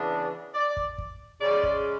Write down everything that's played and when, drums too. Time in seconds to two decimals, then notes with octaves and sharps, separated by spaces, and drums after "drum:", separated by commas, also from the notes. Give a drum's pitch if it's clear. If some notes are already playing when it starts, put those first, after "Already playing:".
Already playing: C#3 E3 B3 D4
0.54 D5
0.77 drum: kick
0.98 drum: kick
1.41 C#3 G#3 C#4 D5
1.63 drum: kick